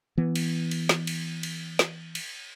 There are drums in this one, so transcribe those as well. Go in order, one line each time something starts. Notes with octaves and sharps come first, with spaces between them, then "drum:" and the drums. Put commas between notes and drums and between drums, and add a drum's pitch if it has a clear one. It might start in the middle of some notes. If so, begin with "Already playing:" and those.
E3 B3
drum: cymbal
drum: cymbal
drum: snare
drum: cymbal
drum: cymbal
drum: snare
drum: cymbal